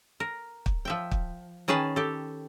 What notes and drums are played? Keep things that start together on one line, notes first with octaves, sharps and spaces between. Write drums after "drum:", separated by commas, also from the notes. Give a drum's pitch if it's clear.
A#4
drum: kick
F3 E5 G5
drum: kick
D#3 C#4 G#4 B4 A5
G4 A4